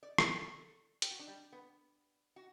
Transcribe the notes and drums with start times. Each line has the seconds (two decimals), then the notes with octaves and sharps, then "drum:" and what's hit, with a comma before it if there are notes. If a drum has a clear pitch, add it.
0.03 D5
0.18 C#5, drum: rim click
0.36 A4
1.02 G4, drum: hi-hat
1.11 F#4
1.19 D4
1.28 G3
1.52 B3
2.36 F#4